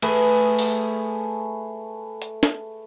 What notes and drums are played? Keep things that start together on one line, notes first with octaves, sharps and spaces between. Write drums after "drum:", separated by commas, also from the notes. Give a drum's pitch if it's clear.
A3 G#4 B4, drum: cymbal
drum: open hi-hat
drum: hi-hat
drum: snare